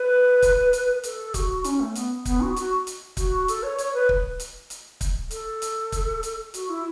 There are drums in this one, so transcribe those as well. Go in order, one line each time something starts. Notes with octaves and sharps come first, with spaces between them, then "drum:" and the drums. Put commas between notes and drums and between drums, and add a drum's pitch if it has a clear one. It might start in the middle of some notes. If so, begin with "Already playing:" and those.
Already playing: B4
drum: kick, hi-hat
drum: hi-hat
A4, drum: hi-hat
F#4, drum: kick, hi-hat
C#4, drum: hi-hat
A3
B3, drum: hi-hat
B3, drum: kick, hi-hat
F#4
F#4, drum: hi-hat
drum: hi-hat
F#4, drum: kick, hi-hat
A4, drum: hi-hat
C#5
C#5, drum: hi-hat
B4
drum: kick
drum: hi-hat
drum: hi-hat
drum: kick, hi-hat
A4, drum: hi-hat
drum: hi-hat
drum: kick, hi-hat
drum: hi-hat
F#4, drum: hi-hat
E4